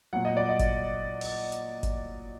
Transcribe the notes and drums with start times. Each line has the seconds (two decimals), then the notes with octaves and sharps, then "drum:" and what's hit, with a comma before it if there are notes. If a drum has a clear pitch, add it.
0.13 A#2 F#3 F#5
0.25 D#5
0.37 D5
0.49 D#5
0.59 drum: kick, hi-hat
1.21 drum: open hi-hat
1.52 drum: hi-hat
1.83 drum: kick, hi-hat